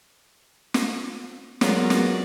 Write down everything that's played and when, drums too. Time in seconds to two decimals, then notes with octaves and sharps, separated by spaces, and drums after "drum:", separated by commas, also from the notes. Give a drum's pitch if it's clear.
0.74 drum: snare
1.61 F#3 G#3 B3 F4 A#4 D5, drum: snare
1.90 drum: snare